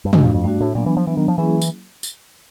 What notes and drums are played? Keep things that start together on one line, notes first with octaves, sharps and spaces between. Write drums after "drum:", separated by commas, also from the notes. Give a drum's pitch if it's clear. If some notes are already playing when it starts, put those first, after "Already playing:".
G2
G#2 A3 D4 F#4, drum: tom
F2
F2
G2 A3 D4 F#4
A2
A#2 F#3 B3 D4
E3
F3
E3 F#3 B3 D4
D#3
F3
E3 F#3 A#3 C#4 E4 G#4
drum: tambourine
drum: tambourine